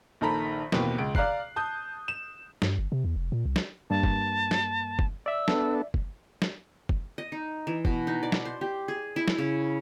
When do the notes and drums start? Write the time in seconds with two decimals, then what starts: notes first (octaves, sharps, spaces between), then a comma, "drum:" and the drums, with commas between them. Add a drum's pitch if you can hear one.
0.21 A#1 D#3 A4 A#5 B5 B6
0.72 D#2 B2 E3 A#3 C4, drum: snare
0.98 C#2 D7
1.15 D5 F5 A#5 F#6 C7, drum: kick
1.56 A5 D#6 G6
2.08 E7
2.62 G2, drum: snare
2.79 G1
2.92 C3
3.04 E2
3.16 F1
3.32 A#2
3.46 C2
3.56 drum: snare
3.90 G2 A#3 A5
4.03 drum: kick
4.51 drum: snare
4.99 drum: kick
5.26 D5 E5 E6
5.48 B3 D4 A4, drum: snare
5.94 drum: kick
6.42 drum: snare
6.89 drum: kick
7.18 D#5
7.32 D#4
7.67 E3
7.85 B2, drum: kick
8.07 D#4
8.23 D5
8.32 drum: snare
8.45 C5
8.61 G4
8.88 G#4
9.16 E4
9.28 drum: snare
9.38 C#3